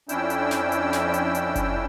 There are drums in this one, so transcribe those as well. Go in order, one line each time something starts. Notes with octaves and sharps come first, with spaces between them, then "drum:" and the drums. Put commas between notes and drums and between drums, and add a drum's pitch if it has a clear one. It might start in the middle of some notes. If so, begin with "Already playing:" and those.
F2 C#4 D4 E4 G5 E6, drum: hi-hat
drum: hi-hat
drum: snare
drum: hi-hat
drum: snare
drum: hi-hat
drum: hi-hat
drum: kick F#1, hi-hat